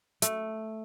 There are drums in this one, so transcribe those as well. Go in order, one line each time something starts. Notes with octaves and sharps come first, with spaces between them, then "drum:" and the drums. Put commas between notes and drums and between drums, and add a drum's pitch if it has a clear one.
A3, drum: hi-hat